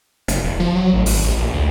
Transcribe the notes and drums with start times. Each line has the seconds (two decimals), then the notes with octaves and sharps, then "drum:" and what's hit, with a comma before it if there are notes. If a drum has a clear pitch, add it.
0.28 F#1, drum: hi-hat
0.44 E1
0.60 F3
0.75 F#3
0.93 A1
1.06 G#1, drum: open hi-hat
1.24 A1
1.37 A#1
1.53 D2